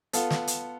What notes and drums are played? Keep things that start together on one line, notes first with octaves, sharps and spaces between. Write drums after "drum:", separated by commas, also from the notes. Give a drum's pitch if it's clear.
B3 F4 A4, drum: hi-hat
drum: snare
drum: hi-hat